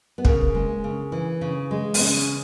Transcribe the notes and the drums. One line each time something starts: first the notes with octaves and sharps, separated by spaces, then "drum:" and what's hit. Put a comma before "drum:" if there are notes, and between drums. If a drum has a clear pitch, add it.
B3
C#3 A#3, drum: kick
G#3
C#3
E3
C#3
G#3
B3, drum: open hi-hat
C#3 C#4